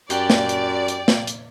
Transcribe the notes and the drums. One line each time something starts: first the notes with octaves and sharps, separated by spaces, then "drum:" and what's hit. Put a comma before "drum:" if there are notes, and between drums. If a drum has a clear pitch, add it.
F#2 G4 D5, drum: hi-hat
drum: snare
drum: hi-hat
drum: hi-hat
drum: snare
drum: hi-hat